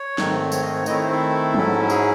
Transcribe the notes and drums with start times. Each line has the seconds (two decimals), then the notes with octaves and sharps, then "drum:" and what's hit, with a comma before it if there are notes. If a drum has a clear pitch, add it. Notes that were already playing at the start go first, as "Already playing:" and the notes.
Already playing: C#5
0.18 G#2 D#3 A3 C4, drum: snare
0.52 C#5, drum: tambourine
0.62 D#5
0.74 C#5
0.86 D#3 A3 C4 E4 D#5, drum: tambourine
0.94 C#5
1.04 C5
1.12 A4
1.54 G#2 F#3 C#4 E4, drum: tom
1.90 G#4, drum: tambourine